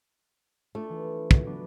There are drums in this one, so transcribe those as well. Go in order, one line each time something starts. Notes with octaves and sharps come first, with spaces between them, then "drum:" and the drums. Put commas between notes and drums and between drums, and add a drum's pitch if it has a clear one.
A3 D4 F4
E3 F4
F#4, drum: kick
F#3 B3 D4